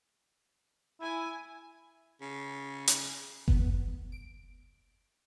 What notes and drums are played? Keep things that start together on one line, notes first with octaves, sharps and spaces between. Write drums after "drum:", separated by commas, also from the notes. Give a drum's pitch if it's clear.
E4 G#5
C#3
drum: hi-hat
B3, drum: kick F#1
D7